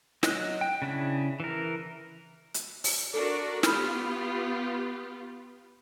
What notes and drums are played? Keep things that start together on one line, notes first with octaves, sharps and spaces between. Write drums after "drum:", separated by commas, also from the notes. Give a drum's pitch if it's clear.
F#3 D#5 F#6, drum: snare
G5
C#3 D4 E4
E3 A#4
drum: hi-hat
drum: open hi-hat
D4 F#4 A4 A#4
B3 F4 G4 B5 F6, drum: snare